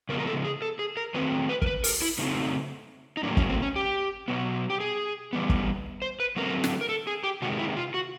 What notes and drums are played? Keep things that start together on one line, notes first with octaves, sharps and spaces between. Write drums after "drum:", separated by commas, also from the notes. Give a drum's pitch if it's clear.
C#3 F3 G#3 B3 A#4
A#4
A4
G#4
A4
G#4
A#4
D#3 F#3 A3 C4 B4
B4
A#4, drum: kick
B4
A#4, drum: open hi-hat
E4
C#3 F#3 A3 C4 D#4
D#4
A2 F#3 A#3 D4
C#4, drum: kick
C4
C#4
G4
B2 F#3 B3
G4
G#4
E3 G3 B3
drum: kick
C5
B4
D3 F#3 A3 C4 A#4
drum: snare
A#4
A4
G#4
G4
C3 D#3 G#3 F#4
E4
F4
F#4